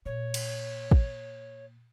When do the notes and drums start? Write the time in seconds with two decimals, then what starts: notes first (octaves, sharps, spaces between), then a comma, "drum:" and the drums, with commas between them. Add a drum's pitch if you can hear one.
0.06 A#2 C#5
0.34 drum: cymbal
0.91 drum: kick